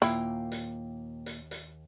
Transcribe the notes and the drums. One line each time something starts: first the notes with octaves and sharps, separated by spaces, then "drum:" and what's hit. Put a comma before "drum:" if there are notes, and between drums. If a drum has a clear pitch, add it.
D#2 A#2 E4 F5 G5, drum: hi-hat
drum: hi-hat
drum: hi-hat
drum: hi-hat